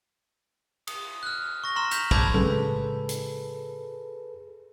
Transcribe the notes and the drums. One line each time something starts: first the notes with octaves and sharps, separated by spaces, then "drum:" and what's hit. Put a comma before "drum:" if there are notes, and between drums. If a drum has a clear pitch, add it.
D#6, drum: cymbal
F6 F#6
C#6 A#6 G7
A#5 C6 F6 E7
F6 G6 B6 F7, drum: hi-hat
A5 B5 D6 E6 G6 G#6, drum: kick
A2 C#3 G#3 G#4 A4 B4, drum: tom F#3
drum: hi-hat